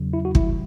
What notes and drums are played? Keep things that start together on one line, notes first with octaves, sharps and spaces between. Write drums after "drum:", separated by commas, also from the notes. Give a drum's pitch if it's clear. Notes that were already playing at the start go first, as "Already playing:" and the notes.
Already playing: E2 C#3 F#3
E4
F#4
A2 E3 G3 E4, drum: kick